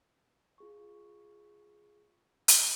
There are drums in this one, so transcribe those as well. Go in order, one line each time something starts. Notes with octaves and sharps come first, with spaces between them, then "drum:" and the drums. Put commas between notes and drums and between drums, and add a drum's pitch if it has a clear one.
F4 G#4 C#6
drum: hi-hat